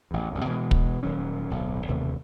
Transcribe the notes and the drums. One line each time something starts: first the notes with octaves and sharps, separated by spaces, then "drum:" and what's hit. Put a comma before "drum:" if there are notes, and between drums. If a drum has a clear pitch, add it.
A1 E2
C2 F#2 C#3
B2 E3 G#3
drum: kick
D#1 D#3 F#3 C#4
D1 B1
E1 D#2 C3 A3